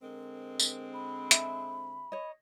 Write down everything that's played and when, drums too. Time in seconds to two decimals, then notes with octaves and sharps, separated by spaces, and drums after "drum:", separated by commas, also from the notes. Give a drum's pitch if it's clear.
0.02 D3 G#3 C4 A#4
0.60 drum: tambourine
0.93 B5
1.31 G#4 E5, drum: hi-hat
2.12 C#5 D#5